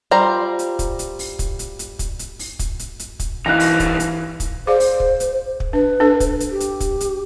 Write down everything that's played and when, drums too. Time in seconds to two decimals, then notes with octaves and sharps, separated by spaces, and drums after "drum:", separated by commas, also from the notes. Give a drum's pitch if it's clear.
0.11 G3 F4 C5 A#5
0.59 drum: hi-hat
0.79 drum: kick, hi-hat
0.99 drum: hi-hat
1.19 drum: open hi-hat
1.39 drum: kick, hi-hat
1.59 drum: hi-hat
1.79 drum: hi-hat
1.99 drum: kick, hi-hat
2.19 drum: hi-hat
2.39 drum: open hi-hat
2.59 drum: kick, hi-hat
2.79 drum: hi-hat
2.99 drum: hi-hat
3.20 drum: kick, hi-hat
3.46 C2 E3 D#4 F5 F#6 A#6
3.60 drum: open hi-hat
3.80 drum: kick, hi-hat
4.00 drum: hi-hat
4.40 drum: kick, hi-hat
4.67 G#4 C5 D5 F5
4.80 drum: open hi-hat
5.00 drum: kick
5.20 drum: hi-hat
5.60 drum: kick
5.73 D4 B4
6.00 D4 A4
6.20 drum: kick, hi-hat
6.40 drum: hi-hat
6.51 G4
6.60 drum: hi-hat
6.80 drum: kick, hi-hat
7.00 drum: hi-hat